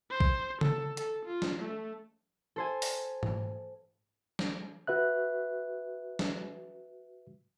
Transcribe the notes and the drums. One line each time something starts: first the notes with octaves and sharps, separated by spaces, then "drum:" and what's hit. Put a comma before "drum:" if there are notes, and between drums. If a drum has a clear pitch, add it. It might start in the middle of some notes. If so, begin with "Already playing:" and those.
C5
drum: kick B1
A4, drum: tom C#3
A4, drum: hi-hat
F4
drum: snare
A3
A4 C5 G#5
drum: open hi-hat
drum: tom G#2
drum: snare
F#4 B4 E5 F#6
drum: snare